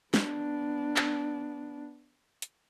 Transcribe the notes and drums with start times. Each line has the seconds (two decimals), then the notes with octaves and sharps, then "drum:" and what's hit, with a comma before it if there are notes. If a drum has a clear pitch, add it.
0.14 B3 D4, drum: snare
0.96 drum: clap
2.42 drum: hi-hat